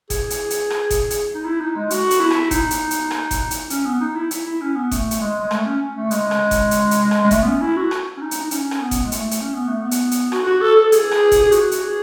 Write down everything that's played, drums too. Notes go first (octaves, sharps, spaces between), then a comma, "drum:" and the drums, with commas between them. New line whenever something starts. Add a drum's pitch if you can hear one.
G#4, drum: kick F#1, hi-hat
drum: hi-hat
drum: hi-hat
drum: rim click
drum: kick F#1, hi-hat
drum: hi-hat
D#4
E4
D#4
G#3
F#4, drum: hi-hat
drum: hi-hat
E4
drum: rim click
D#4, drum: kick F#1, hi-hat
drum: hi-hat
drum: hi-hat
drum: rim click
drum: kick F#1, hi-hat
drum: hi-hat
C#4, drum: hi-hat
B3
D#4
E4
drum: hi-hat
E4
C#4
B3
A3, drum: kick F#1, hi-hat
drum: hi-hat
G#3
G#3
A3, drum: rim click
C#4
A3
G#3, drum: hi-hat
drum: rim click
drum: kick F#1, hi-hat
drum: hi-hat
drum: hi-hat
drum: rim click
G#3
A3, drum: kick F#1, hi-hat
B3
C#4
E4
F#4
drum: rim click
C#4
D#4
drum: hi-hat
D#4
C#4, drum: hi-hat
drum: rim click
B3
drum: kick F#1, hi-hat
G#3
A3, drum: hi-hat
drum: hi-hat
C#4
B3
A3
B3
drum: hi-hat
drum: hi-hat
F#4, drum: rim click
F#4
A4
A4
G#4, drum: hi-hat
drum: rim click
drum: kick F#1, hi-hat
G#4
F#4, drum: hi-hat
drum: hi-hat
G#4